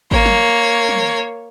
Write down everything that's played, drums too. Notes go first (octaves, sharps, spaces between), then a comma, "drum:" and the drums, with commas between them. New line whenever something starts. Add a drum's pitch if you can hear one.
A#3 C#5, drum: kick G#1
drum: snare
drum: tom